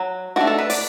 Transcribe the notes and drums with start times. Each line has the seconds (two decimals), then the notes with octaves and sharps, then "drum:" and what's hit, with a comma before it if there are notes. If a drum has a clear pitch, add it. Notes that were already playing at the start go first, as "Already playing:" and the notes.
Already playing: F#3
0.36 A3 D4 F#4
0.47 A4
0.59 B4
0.70 D5, drum: open hi-hat